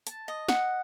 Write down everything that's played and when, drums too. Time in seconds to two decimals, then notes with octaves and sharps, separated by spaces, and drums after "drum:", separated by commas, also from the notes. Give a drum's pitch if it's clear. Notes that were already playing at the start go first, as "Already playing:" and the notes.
0.07 A5, drum: hi-hat
0.28 D#5
0.49 F#5, drum: snare